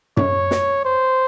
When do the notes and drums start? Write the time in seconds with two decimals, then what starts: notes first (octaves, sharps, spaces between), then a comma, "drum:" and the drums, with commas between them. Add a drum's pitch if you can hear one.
0.17 C#5, drum: tom F#2
0.51 drum: snare
0.85 C5